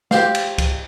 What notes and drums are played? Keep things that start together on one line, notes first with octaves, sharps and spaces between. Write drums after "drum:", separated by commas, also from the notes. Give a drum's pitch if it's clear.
G4 C5 F5, drum: snare
drum: cymbal
drum: kick, cymbal